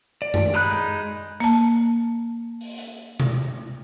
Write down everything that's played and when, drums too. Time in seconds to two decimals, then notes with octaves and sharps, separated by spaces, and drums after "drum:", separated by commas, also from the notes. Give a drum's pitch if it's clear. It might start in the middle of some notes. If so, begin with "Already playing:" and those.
0.22 D5
0.34 drum: tom F#2
0.54 G#3 D#4 B5 F#6, drum: hi-hat
1.40 A#3 A5, drum: hi-hat
2.61 drum: open hi-hat
2.78 drum: hi-hat
3.20 drum: tom B2